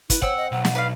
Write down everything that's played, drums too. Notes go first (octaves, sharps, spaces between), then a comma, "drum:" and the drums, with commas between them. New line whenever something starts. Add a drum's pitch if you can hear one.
E4 B4, drum: kick, hi-hat
C4 C#5 F#5 E6, drum: kick
D#5
B1 F#5
drum: snare
B4 D5 F5